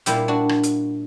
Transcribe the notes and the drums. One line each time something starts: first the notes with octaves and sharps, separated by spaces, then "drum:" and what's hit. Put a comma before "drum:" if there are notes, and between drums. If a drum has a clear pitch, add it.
A#2 G3 A#3 E4 G4, drum: hi-hat
D4 F#4
drum: rim click
drum: hi-hat